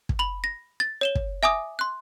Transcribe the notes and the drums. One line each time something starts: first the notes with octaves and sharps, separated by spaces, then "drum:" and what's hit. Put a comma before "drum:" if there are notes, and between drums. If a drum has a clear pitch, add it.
drum: kick
B5 F#7
A#6
A6
C#5 E7 G7
drum: kick
E5 G#5 D6 D#6
C6 F#6